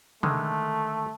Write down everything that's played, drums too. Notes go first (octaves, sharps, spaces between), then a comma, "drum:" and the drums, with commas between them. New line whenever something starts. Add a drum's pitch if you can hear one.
D3 D#3 G#3 A3, drum: tom